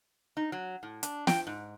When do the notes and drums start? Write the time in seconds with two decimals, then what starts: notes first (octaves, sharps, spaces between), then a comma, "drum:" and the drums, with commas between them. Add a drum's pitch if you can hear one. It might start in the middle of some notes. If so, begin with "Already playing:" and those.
0.37 D#4
0.52 F#3
0.83 A2
1.03 D4, drum: hi-hat
1.27 G5, drum: snare
1.47 G#2